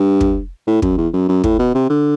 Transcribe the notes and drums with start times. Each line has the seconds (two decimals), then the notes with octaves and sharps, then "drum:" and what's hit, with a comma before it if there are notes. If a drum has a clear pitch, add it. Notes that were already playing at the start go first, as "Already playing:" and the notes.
Already playing: G2
0.21 drum: kick
0.67 A2
0.82 F#2, drum: kick
0.97 E2
1.13 F#2
1.28 F#2
1.44 A2, drum: kick
1.59 B2
1.74 C3
1.90 D3